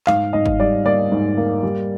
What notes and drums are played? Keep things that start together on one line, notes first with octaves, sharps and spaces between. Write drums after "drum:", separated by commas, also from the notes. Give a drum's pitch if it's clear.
G#2 F5, drum: clap
G#2 D#5
drum: kick G1
G3 D5
A#3 D5
G#2
A#3
G3